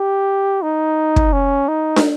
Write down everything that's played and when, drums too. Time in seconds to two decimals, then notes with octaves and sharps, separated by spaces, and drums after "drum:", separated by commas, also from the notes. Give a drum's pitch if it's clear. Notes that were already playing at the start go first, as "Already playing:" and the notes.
Already playing: G4
0.62 D#4
1.16 drum: kick
1.33 C#4
1.68 D#4
1.96 drum: snare